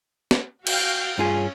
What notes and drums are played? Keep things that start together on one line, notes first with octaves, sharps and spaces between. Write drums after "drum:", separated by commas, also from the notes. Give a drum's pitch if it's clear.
drum: snare
F#4 F5 G5, drum: cymbal
G2 C#4 F4 G#4